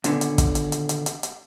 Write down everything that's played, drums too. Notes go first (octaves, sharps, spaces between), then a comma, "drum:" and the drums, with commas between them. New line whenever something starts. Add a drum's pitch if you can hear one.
D#2 A#2 D3 G3 B3 C#4, drum: hi-hat
drum: hi-hat
drum: kick, hi-hat
drum: hi-hat
drum: hi-hat
drum: hi-hat
drum: hi-hat
drum: hi-hat